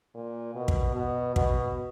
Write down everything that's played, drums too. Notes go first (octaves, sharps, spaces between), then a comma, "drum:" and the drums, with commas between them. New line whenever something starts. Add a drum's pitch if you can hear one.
A#2
B2
drum: kick
B2
B2, drum: kick